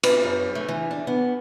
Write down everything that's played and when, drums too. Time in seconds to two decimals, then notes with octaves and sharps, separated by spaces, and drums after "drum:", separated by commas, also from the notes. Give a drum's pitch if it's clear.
0.03 B4, drum: cymbal
0.23 F#2
0.55 A3
0.69 E3
0.91 D4
1.07 B3